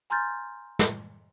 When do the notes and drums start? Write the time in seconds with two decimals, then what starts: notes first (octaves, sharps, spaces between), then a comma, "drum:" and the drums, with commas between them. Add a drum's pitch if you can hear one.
0.10 G#5 A#5 C6 F6 G6 A6
0.79 drum: snare